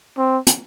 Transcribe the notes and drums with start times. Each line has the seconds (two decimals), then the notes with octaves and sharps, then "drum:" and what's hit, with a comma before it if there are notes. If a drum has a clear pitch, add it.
0.18 C4
0.47 drum: hi-hat